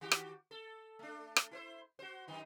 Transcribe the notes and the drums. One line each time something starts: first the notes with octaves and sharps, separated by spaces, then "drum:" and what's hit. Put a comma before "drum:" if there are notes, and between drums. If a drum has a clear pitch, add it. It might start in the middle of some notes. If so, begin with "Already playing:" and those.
D#3 F#4 G4
drum: rim click
A4
A3 D4
drum: rim click
E4 B4 C5
F#4 C5
F#2 D#3 D#4